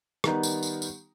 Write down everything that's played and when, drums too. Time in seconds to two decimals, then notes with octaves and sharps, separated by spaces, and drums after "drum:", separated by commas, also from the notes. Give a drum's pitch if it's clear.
0.24 D#3 G3 B3 D#4, drum: rim click
0.43 drum: tambourine
0.63 drum: tambourine
0.82 drum: tambourine